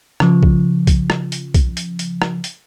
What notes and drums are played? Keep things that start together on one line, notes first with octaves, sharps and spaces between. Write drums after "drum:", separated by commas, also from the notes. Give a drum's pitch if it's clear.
C#3 F3, drum: rim click
drum: kick
drum: kick, hi-hat
drum: rim click
drum: hi-hat
drum: kick, hi-hat
drum: hi-hat
drum: hi-hat
drum: rim click
drum: hi-hat